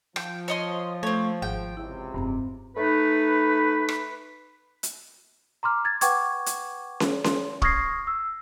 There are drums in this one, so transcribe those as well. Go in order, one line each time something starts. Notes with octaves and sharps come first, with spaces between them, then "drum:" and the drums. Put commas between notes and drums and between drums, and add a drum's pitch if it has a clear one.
F3 G5, drum: rim click
C#5 D#5 C6
A3 C4 C#5
G#1 G#4 F#5 G5
C#2 C3 E4
F1 G2 C4 A#5
A3 D#4 B4
drum: rim click
drum: hi-hat
A#5 C6 D6 F6
G#6 A6
B4 F#5 G5 C#6 D6 G#6, drum: hi-hat
drum: hi-hat
drum: snare C#4
C6, drum: snare C#4
C#6 D#6 F6 G#6 A#6 C7, drum: kick
E6